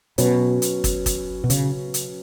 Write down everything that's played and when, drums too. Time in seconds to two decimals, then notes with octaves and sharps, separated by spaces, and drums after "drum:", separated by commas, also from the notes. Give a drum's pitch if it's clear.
0.18 B2 F#3 C#4 F#4 B4, drum: hi-hat
0.62 drum: hi-hat
0.84 drum: kick, hi-hat
1.06 drum: kick, hi-hat
1.44 B2
1.50 C#3, drum: hi-hat
1.94 drum: hi-hat